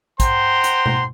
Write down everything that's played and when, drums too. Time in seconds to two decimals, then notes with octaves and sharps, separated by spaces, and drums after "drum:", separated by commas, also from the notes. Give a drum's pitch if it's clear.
0.20 C5 F#5 G5 A#5 C6, drum: kick, hi-hat
0.64 drum: hi-hat
0.86 drum: tom B2